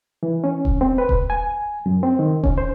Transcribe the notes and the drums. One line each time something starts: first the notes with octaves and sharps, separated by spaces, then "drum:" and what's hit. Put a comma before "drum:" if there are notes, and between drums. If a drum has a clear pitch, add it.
E3
C#4
drum: kick D#1
C4
B4
drum: kick D#1
G#5
F#2
C4
D#3
C#4, drum: kick D#1
C5